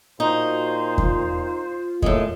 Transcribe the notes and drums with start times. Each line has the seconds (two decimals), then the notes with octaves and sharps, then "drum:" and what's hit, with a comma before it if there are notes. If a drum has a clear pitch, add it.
0.20 A#2 D#4 F#4 C5
0.98 F4, drum: kick E2
2.02 A2 G#3 A#3, drum: kick E2